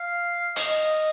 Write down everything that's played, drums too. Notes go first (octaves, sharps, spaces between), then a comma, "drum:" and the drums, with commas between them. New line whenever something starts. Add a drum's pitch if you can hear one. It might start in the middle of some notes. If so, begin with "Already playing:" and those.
Already playing: F5
D#5, drum: hi-hat